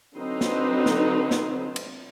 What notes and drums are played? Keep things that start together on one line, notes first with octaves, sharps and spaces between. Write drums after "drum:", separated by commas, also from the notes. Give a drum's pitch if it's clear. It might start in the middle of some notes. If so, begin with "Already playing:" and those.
D3 F#3 C4 D#4 B4 C5
drum: snare
drum: snare
drum: snare
drum: cymbal